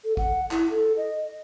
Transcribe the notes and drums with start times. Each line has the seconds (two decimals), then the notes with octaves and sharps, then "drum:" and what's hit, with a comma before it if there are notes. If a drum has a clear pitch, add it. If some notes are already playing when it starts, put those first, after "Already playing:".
0.05 A4
0.17 F#5, drum: kick G#1
0.51 E4, drum: clap
0.70 A4
0.97 D#5